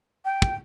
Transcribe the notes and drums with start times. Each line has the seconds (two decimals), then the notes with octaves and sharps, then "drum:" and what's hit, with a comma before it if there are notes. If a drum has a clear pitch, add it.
0.24 G5
0.42 drum: kick